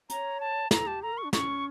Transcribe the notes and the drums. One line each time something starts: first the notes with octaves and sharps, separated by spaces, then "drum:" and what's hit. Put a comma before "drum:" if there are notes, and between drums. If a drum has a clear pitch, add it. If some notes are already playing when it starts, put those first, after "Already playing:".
C#5 A#5, drum: hi-hat
A5
A4 A#5, drum: snare
G4 A5
A4 A#5
A#4
C#6
D4
C#4 C#6, drum: snare